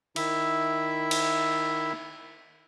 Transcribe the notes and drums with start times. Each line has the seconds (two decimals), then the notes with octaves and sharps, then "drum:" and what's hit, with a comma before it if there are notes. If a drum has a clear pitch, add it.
0.16 D#3 E4 E5, drum: cymbal
1.11 drum: cymbal